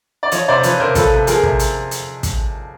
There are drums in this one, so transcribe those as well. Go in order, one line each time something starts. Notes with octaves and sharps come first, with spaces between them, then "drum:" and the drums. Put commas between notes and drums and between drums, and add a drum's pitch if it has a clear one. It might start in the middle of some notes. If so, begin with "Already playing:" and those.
D5
F3 C#5 D#5, drum: hi-hat
C3 C5 D5
F3 B4 C#5, drum: hi-hat
C3 A#4 C5
F3 A4 B4, drum: kick, hi-hat
C3
F3 G#4 A#4, drum: hi-hat
C3, drum: kick
drum: hi-hat
drum: hi-hat
drum: kick, hi-hat